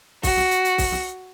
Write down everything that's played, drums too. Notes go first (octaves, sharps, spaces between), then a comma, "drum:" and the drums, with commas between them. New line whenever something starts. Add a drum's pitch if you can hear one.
F#4, drum: kick C2, open hi-hat
drum: snare
drum: hi-hat
drum: hi-hat
drum: kick C2, open hi-hat
drum: snare